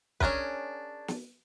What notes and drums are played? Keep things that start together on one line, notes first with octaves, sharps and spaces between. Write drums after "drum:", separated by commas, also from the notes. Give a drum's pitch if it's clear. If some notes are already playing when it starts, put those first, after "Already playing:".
C#4 D4 G#4 A#4 B4, drum: kick
drum: snare